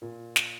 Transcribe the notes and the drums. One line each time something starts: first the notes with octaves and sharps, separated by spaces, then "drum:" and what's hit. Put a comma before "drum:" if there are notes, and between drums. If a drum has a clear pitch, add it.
A#2
drum: snare